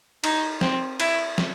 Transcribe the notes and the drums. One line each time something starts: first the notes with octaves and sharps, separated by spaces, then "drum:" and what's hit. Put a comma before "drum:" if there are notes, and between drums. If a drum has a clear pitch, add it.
D#4, drum: cymbal
C4, drum: snare
E4, drum: cymbal
drum: snare